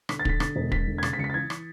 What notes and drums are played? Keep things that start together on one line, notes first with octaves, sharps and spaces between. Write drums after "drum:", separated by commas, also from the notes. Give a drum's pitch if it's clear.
D3 B6, drum: rim click
A6
D3 B6, drum: kick
D3 A6, drum: rim click
E1
E1 B6, drum: kick
D3
G#6
C#3 A6, drum: rim click
B6
C#2 C#7
B6
A6
E3 G#6
E3, drum: rim click